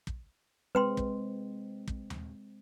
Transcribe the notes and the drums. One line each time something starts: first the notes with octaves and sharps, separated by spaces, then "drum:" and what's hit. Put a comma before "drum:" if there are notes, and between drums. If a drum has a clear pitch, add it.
drum: kick
G#3 C4 B4 G5 C6
drum: kick
drum: kick
drum: tom D#2